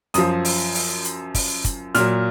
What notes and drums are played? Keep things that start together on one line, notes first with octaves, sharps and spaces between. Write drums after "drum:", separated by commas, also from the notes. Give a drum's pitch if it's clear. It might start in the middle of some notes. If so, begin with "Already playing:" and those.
F#2 F3 D#6, drum: hi-hat
drum: open hi-hat
drum: open hi-hat
drum: hi-hat
drum: kick, open hi-hat
drum: kick, hi-hat
A#2 F#3 F6, drum: hi-hat